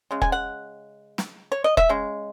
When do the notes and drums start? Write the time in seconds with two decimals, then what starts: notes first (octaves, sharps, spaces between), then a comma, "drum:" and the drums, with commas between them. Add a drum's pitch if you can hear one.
0.11 C#3 G#3
0.22 G#5, drum: kick E1
0.32 F#5
1.18 drum: snare
1.52 C#5
1.64 D#5
1.77 E5, drum: kick E1
1.89 C#3 G#3